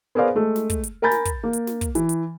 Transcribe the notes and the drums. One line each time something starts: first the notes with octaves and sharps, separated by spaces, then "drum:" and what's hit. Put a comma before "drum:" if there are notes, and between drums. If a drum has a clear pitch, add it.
B3 G#4 A#4 C5 D5 F5
G#3 A3
drum: snare
drum: kick, hi-hat
drum: hi-hat
A#4 G#5 A#5 B5 G6 A6
drum: snare
drum: kick, hi-hat
A#3
drum: hi-hat
drum: snare
drum: kick, hi-hat
E3, drum: hi-hat
drum: hi-hat